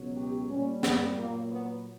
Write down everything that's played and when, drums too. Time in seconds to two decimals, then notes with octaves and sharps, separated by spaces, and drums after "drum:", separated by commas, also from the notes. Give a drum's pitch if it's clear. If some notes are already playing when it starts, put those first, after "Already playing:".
Already playing: C#2 B2 F#3
0.16 G4
0.49 A#2 G3 C#4
0.83 B3, drum: snare
1.17 A#2 F#3 A#3
1.50 B3